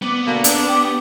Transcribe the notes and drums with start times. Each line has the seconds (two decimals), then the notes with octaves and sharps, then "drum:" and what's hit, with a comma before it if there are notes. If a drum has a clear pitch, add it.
0.02 B3 D5
0.27 B2 D3 A#3
0.44 D4 A5, drum: hi-hat
0.68 G4 D5